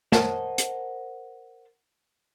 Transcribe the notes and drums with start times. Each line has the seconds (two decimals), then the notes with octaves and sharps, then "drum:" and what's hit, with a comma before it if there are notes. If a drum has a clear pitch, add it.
0.12 A#4 C5 C#5 D#5 F#5 A5, drum: snare
0.58 drum: hi-hat